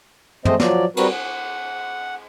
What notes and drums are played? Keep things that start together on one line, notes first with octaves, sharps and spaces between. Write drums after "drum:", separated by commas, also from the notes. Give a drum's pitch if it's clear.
G#3 A3 C4 C5 D#5, drum: tom
F3 F#3 D5, drum: snare
G3 C4 F#4 A#4 B4, drum: cymbal
F#5